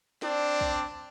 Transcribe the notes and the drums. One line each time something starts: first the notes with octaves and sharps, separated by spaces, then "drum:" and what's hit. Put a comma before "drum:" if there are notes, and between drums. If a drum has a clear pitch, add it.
C4 D4 D5, drum: snare
drum: kick